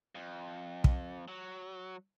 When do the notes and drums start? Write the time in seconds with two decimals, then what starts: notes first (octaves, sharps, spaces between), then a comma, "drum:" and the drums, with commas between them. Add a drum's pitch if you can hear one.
0.15 F2
0.84 drum: kick
1.28 F#3